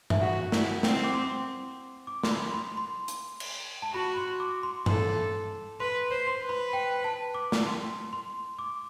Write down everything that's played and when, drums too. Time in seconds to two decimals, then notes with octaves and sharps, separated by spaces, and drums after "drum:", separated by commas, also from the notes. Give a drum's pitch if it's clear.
0.10 E5, drum: tom G2
0.22 F#4 F#5
0.52 E4, drum: snare
0.83 C4 G5, drum: snare
1.04 D6
1.14 C6
2.07 D6
2.23 C6, drum: snare
2.31 B5
2.54 C6
2.77 C6
3.08 drum: hi-hat
3.40 drum: cymbal
3.82 A5
3.94 F#4 B5
4.17 C6
4.40 D6
4.63 C6
4.86 A4 C6, drum: tom G2
5.80 B4 C6
6.11 C5
6.27 C6
6.42 B4
6.49 B5
6.73 G5
7.04 A5
7.34 D6
7.52 drum: snare
7.67 C6
8.13 C6
8.59 D6